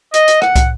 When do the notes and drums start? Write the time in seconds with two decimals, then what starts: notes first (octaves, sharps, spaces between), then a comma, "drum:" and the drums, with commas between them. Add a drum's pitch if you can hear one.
0.14 D#5, drum: hi-hat
0.28 drum: hi-hat
0.42 F#5, drum: rim click
0.56 drum: kick, hi-hat